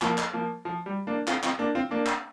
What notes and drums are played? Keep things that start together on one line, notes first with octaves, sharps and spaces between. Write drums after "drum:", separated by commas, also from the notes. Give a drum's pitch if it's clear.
F3 A#3, drum: clap
drum: clap
F3 A#3
F3
G3
A#3 D4
C4 F4, drum: clap
C4 F4, drum: clap
A#3 D4
C4 F4
A#3 D4
drum: clap